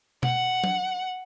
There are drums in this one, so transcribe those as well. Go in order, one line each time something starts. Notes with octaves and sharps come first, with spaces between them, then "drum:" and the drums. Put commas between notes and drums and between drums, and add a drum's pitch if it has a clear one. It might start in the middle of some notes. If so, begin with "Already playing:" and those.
F#5, drum: tom B2
drum: tom F#3